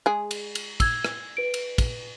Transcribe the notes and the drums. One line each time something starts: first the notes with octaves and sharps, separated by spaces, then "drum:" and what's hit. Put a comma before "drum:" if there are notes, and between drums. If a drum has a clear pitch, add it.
G#3 G#4
drum: cymbal
drum: cymbal
E6 G#6, drum: kick, cymbal
drum: rim click
B4 D7
drum: cymbal
drum: kick, cymbal